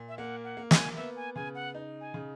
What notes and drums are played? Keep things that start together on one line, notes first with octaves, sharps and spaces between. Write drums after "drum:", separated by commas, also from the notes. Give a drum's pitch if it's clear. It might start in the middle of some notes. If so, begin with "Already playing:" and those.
Already playing: A#2
E5
A#3 F#5
F#5
A#3
G#5, drum: snare
B3 E5
G#5
C#3 G#5
F#5
D#4
G#5
C#3